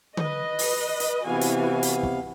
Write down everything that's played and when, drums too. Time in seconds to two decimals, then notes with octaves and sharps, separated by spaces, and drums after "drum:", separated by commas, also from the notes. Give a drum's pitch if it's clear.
0.17 B4 D#5, drum: tom D3
0.59 drum: open hi-hat
1.00 drum: hi-hat
1.26 C3 E3 B3 F#4 F5 G#5
1.41 drum: hi-hat
1.83 drum: hi-hat
2.03 drum: kick